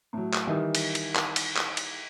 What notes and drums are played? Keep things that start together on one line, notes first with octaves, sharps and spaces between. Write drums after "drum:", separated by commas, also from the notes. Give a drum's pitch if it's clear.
A2 F#3
drum: clap
D#3 E3 G3
drum: cymbal
drum: cymbal
drum: clap
drum: cymbal
drum: clap
drum: cymbal